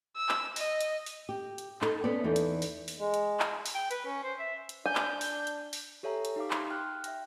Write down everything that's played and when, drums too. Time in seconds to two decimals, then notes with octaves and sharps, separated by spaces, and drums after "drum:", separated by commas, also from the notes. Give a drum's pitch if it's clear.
0.16 E6
0.29 drum: clap
0.56 D#5, drum: open hi-hat
0.81 drum: hi-hat
1.06 drum: open hi-hat
1.29 G4
1.58 drum: hi-hat
1.81 D#4 A4, drum: clap
2.04 B3 C#4 A4 D5
2.24 E2 E3 D#4 A4
2.36 drum: hi-hat
2.62 drum: open hi-hat
2.88 drum: open hi-hat
2.99 G#3
3.14 drum: hi-hat
3.40 drum: clap
3.66 drum: open hi-hat
3.75 G5
3.91 B4, drum: hi-hat
4.06 C#4
4.23 C5
4.39 E5
4.69 drum: hi-hat
4.86 D4 G#5 G6
4.95 drum: clap
5.21 drum: open hi-hat
5.47 drum: hi-hat
5.73 drum: open hi-hat
6.03 G4 A4 C#5 E5 G#5 A#5
6.25 drum: hi-hat
6.36 D#4 G4 F5 D6
6.51 C6, drum: clap
6.70 G5 F6 F#6
7.04 E5 G5 A#6, drum: hi-hat